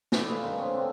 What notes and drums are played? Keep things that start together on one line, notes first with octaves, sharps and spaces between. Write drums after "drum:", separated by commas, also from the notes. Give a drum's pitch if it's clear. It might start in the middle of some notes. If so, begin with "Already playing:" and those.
A3 E4 D5, drum: snare
G#4 B4 F5
G2 D#3 C6
C#3 C4 C#4 G#4
D3 C4 D4